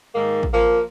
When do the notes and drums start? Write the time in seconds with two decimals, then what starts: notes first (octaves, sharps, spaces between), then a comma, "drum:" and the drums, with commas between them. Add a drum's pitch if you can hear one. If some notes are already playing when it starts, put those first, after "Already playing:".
0.15 G#2 D#3 A#3
0.43 drum: kick
0.53 F3 A#3